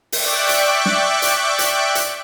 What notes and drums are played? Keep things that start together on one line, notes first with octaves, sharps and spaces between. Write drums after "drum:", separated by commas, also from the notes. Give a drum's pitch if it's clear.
D5 E5 G5 C#6 D6 F#6, drum: open hi-hat
drum: hi-hat
drum: snare
drum: hi-hat
drum: hi-hat
drum: hi-hat